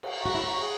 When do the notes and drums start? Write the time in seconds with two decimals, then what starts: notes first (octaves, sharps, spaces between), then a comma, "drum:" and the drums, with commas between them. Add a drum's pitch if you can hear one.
0.03 drum: cymbal
0.17 E5 A#5 C#6
0.26 F#4
0.35 E4
0.44 F#4
0.59 G#4